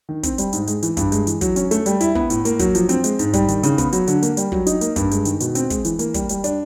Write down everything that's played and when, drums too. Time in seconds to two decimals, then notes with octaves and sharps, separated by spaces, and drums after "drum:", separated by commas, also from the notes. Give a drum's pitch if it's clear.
0.09 D#3
0.23 C4, drum: kick, hi-hat
0.38 G3, drum: hi-hat
0.53 G#2, drum: hi-hat
0.67 G#3, drum: hi-hat
0.82 E3, drum: hi-hat
0.97 G2, drum: kick, hi-hat
1.12 G#3, drum: hi-hat
1.27 E3, drum: hi-hat
1.41 F#3, drum: kick, hi-hat
1.56 C#4, drum: hi-hat
1.71 A3, drum: hi-hat
1.86 G3, drum: hi-hat
2.00 E4, drum: hi-hat
2.15 B3, drum: kick
2.30 A2, drum: hi-hat
2.45 A#3, drum: hi-hat
2.59 F#3, drum: kick, hi-hat
2.75 F3, drum: hi-hat
2.89 C4, drum: hi-hat
3.04 G#3, drum: hi-hat
3.19 G#2, drum: hi-hat
3.33 G3, drum: kick, hi-hat
3.48 D#3, drum: hi-hat
3.63 C#3, drum: hi-hat
3.78 B3, drum: kick, hi-hat
3.93 F#3, drum: hi-hat
4.07 D3, drum: hi-hat
4.23 A#3, drum: hi-hat
4.37 G3, drum: hi-hat
4.52 F#3, drum: kick
4.67 D#4, drum: hi-hat
4.81 A#3, drum: hi-hat
4.96 G2, drum: kick, hi-hat
5.11 G#3, drum: hi-hat
5.25 D#3, drum: hi-hat
5.40 B2, drum: hi-hat
5.55 C4, drum: hi-hat
5.70 G#3, drum: kick, hi-hat
5.85 E3, drum: hi-hat
5.99 A#3, drum: hi-hat
6.14 G3, drum: kick, hi-hat
6.29 G3, drum: hi-hat
6.44 D4, drum: hi-hat